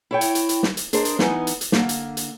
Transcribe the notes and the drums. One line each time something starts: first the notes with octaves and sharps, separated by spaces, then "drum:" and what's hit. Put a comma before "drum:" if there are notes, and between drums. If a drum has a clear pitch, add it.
E4 C#5 G5
drum: hi-hat
drum: hi-hat
drum: hi-hat
drum: snare
drum: hi-hat
D4 G#4 A#4 C5 D#5, drum: hi-hat
drum: hi-hat
E3 B3 D#4 G#5, drum: snare
drum: hi-hat
drum: hi-hat
D3 A#3, drum: snare
drum: hi-hat
drum: hi-hat